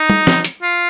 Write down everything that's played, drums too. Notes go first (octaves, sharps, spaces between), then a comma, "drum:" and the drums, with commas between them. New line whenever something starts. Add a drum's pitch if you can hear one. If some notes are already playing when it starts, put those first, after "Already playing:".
Already playing: D#4
drum: tom
drum: snare
drum: hi-hat
F4